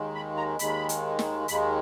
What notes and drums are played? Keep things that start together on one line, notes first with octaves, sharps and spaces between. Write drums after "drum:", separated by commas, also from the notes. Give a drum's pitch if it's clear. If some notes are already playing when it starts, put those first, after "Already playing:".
Already playing: D#2 D#3 G#3
B5
A#5
D#2 D#3 G#3 B5, drum: hi-hat
drum: hi-hat
drum: snare
D#2 D#3 G#3 B5, drum: hi-hat